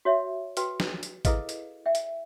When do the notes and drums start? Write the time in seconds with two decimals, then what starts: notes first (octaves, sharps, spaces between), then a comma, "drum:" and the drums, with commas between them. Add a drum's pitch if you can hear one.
0.05 F#4 C#5 E5
0.57 F#4 B4 G5, drum: hi-hat
0.80 drum: snare
1.03 drum: hi-hat
1.25 E4 G#4 A4 B4 D#5 F5, drum: kick G#1, hi-hat
1.49 drum: hi-hat
1.86 D5 E5 G5
1.95 drum: hi-hat